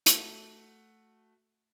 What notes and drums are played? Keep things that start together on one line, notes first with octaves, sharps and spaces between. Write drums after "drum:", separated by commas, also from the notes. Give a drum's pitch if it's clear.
A3 F#4, drum: hi-hat